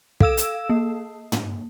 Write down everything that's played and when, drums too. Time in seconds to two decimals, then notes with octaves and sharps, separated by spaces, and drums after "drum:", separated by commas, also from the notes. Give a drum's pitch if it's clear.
0.20 A4 F5 E6 E7, drum: kick
0.37 drum: hi-hat
0.69 A#3
1.32 drum: tom